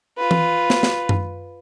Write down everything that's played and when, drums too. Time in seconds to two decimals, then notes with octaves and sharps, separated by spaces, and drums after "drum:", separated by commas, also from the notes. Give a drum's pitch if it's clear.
0.18 F4 B4
0.31 drum: tom E3
0.70 drum: snare
0.83 drum: snare
1.09 drum: tom F#2